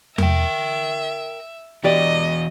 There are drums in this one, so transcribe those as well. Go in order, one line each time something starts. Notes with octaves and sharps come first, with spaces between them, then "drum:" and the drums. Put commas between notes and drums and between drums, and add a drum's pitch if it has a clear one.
A#4 E5 G5, drum: tom E2
E3 B3 F#4 G4 D5 D#5